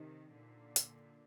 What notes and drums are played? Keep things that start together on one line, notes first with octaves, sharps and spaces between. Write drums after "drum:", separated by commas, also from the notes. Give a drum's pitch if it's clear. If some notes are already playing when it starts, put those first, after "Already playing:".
Already playing: C3 D#3 D#4 G4 C5 D#5
A#2 D3
drum: hi-hat